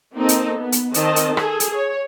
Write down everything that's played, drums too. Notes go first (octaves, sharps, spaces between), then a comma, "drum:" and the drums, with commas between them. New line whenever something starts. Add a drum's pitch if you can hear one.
A#3 C4 D#4 A4
drum: hi-hat
B3
drum: hi-hat
D#3 C4 D#5 A5, drum: hi-hat
drum: hi-hat
G#4 A4, drum: rim click
drum: hi-hat
C#5